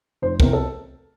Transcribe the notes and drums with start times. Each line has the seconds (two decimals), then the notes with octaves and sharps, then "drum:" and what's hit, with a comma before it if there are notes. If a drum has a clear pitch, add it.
0.22 F1 C5
0.40 E2 C3 A#4, drum: kick
0.53 A4